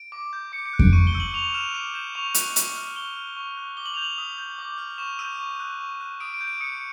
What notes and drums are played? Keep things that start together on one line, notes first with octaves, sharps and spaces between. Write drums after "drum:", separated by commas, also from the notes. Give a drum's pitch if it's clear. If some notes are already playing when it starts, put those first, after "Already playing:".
Already playing: D7
D6
G6
D6 C#7
C#7
F#6
D7, drum: kick F2
C#6 D#7
G7
E6 G6
F#7
C#6 F7
F6 E7
D6 D#7
G6 E7
C#6 F7
F#6, drum: hi-hat
C#6, drum: hi-hat
F6
C#6 G7
F6
C#6
F#6
D6 G7
F#7
G6 F7
F#7
D#6
G6
D6
F6
C#6 E7
E6 G6 D#7
C#6
F#6
C#6
F#6
D#6 D7
D7
G6
D7
D#6 C#7